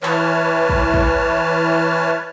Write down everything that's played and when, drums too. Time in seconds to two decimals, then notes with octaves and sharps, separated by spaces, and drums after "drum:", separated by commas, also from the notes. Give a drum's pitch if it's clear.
0.03 E3 B4 C#5 A5 F6, drum: clap
0.69 drum: kick
0.94 drum: kick